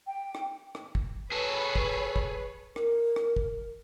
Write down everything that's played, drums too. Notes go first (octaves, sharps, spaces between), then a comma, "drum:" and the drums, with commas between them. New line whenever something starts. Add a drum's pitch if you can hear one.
G5
drum: rim click
drum: rim click
drum: kick
G#4 A4 B4 C#5
drum: kick
drum: kick
A#4, drum: rim click
drum: rim click
drum: kick